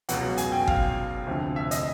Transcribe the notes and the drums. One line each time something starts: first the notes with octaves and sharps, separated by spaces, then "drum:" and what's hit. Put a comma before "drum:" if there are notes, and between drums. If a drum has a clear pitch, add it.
C#2 B2 F#3 F#5, drum: hi-hat
G#5, drum: hi-hat
G5
F5, drum: kick G1
D2 C3 F3
E5
D#5, drum: hi-hat